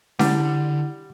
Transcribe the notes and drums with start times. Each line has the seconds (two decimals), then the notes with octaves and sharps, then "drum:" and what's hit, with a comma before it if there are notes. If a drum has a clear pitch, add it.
0.19 D3 G3 E4 F#5, drum: snare C#4